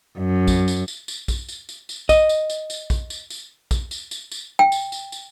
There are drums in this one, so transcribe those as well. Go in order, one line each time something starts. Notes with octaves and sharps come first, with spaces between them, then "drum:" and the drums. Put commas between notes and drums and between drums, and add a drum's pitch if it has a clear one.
F#2
drum: kick, tambourine
drum: tambourine
drum: tambourine
drum: tambourine
drum: kick, tambourine
drum: tambourine
drum: tambourine
drum: tambourine
D#5, drum: kick, tambourine
drum: tambourine
drum: tambourine
drum: tambourine
drum: kick, tambourine
drum: tambourine
drum: tambourine
drum: kick, tambourine
drum: tambourine
drum: tambourine
drum: tambourine
G5
drum: tambourine
drum: tambourine
drum: tambourine